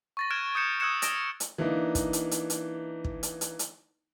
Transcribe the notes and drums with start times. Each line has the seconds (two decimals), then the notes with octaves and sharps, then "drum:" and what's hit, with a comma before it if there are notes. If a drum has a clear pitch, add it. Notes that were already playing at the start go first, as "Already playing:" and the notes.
0.17 C#6 A6 A#6
0.31 F6 F#6 G#6 D7 E7
0.55 D#6 G6 C#7 E7
0.80 D#6 E6 F#6 G#6 C#7 E7
1.02 D#6 A#6 D7 E7 G7, drum: hi-hat
1.40 drum: hi-hat
1.58 E3 A#3 D4 D#4
1.95 drum: kick, hi-hat
2.13 drum: hi-hat
2.31 drum: hi-hat
2.50 drum: hi-hat
3.04 drum: kick
3.23 drum: hi-hat
3.41 drum: hi-hat
3.59 drum: hi-hat